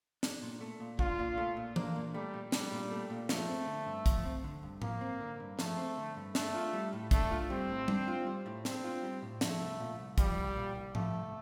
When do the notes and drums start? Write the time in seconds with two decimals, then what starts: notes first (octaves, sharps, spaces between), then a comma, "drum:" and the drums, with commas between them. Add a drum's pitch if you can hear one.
0.23 D4, drum: snare
0.42 A#2
0.61 A3
0.80 A#2
0.99 D4 F4, drum: kick
1.19 A#2
1.38 A3
1.57 A#2
1.76 A#3 D4, drum: tom E3
1.96 A#2
2.14 G3 A3
2.34 A#2
2.52 G3 D4, drum: snare
2.72 A#2
2.91 A3
3.10 A#2
3.29 F3 A3, drum: snare
3.48 C4
3.67 D3
3.86 G2
4.06 F3, drum: kick, hi-hat
4.25 C4
4.44 D3
4.63 G2
4.82 F3 A#3, drum: tom A2
5.01 C4
5.21 D3
5.40 G2
5.59 F3 A3, drum: snare
5.77 C4
5.97 D3
6.16 G2
6.35 A3 D4, drum: snare
6.55 F4
6.73 G3
6.93 A2
7.11 A3 D4, drum: kick, hi-hat
7.31 F4
7.50 G3 C4
7.69 A2
7.88 D4, drum: tom G3
8.08 F4
8.27 G3
8.46 A2
8.65 C4 D4, drum: snare
8.84 F4
9.03 G3
9.22 A2
9.41 F3 A3, drum: snare
9.60 C2
9.80 A#2
9.99 C2
10.18 F3 G3, drum: kick, hi-hat
10.37 C2
10.56 A#2
10.76 C2
10.95 F3 A3, drum: tom A2
11.13 C2